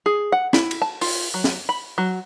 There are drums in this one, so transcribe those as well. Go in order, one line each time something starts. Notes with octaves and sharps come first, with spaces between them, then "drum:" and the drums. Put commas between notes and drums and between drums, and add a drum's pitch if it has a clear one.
G#4
F#5
E4, drum: snare
drum: cymbal
A5
F4, drum: open hi-hat
F#3
drum: snare
B5
F#3